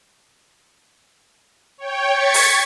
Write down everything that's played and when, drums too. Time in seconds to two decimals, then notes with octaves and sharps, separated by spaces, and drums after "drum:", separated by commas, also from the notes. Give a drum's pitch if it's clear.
1.78 C#5 G5
2.12 C#6 G#6 A6 B6 C#7
2.34 drum: open hi-hat